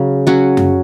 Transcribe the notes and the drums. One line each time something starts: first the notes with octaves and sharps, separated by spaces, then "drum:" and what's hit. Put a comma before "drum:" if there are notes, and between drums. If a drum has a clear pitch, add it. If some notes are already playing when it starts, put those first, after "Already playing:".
Already playing: C#3 F#3
F#3 C#4 F#4
drum: tom F#2